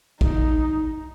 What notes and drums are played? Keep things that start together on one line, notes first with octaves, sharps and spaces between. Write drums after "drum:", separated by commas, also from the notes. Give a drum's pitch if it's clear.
D#4, drum: kick